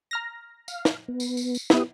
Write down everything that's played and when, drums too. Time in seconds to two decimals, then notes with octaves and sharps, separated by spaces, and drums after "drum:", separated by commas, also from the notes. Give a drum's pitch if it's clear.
0.11 A#5 F6 A#6
0.68 F5, drum: tambourine
0.85 drum: snare
1.08 B3
1.20 drum: tambourine
1.37 drum: tambourine
1.55 drum: tambourine
1.70 B3 E4 G4 B4 D#6, drum: snare